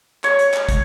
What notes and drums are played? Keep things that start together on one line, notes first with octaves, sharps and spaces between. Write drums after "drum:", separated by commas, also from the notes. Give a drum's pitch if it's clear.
C#5, drum: clap
drum: hi-hat
drum: clap
drum: kick, hi-hat